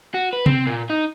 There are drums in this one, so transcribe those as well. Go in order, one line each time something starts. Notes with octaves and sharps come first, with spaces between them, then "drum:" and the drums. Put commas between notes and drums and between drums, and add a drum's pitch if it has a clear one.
F#4
B4
C4, drum: tom C3
A#2
D#4